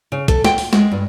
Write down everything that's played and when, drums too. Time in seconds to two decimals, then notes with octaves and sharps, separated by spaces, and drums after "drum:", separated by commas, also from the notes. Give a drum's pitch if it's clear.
0.12 C#3
0.28 A4, drum: kick, hi-hat
0.45 G5, drum: snare
0.58 drum: open hi-hat
0.73 G#3, drum: snare
0.92 G2